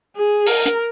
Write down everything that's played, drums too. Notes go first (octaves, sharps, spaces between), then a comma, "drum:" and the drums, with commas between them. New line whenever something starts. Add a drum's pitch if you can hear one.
G#4
A#4, drum: open hi-hat
drum: hi-hat